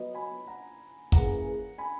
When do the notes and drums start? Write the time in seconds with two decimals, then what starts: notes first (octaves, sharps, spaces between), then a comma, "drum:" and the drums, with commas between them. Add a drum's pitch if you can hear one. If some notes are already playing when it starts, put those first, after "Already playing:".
Already playing: F#3 B3 F#4 B4 D#5
0.15 G#5 B5
0.47 F#5 A#5
1.12 E3 A#3 C#4 G#4 B4 F#5 A#5, drum: kick
1.78 G#5 B5